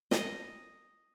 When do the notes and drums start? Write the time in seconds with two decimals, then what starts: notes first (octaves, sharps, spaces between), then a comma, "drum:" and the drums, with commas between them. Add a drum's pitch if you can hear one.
0.11 D#5, drum: snare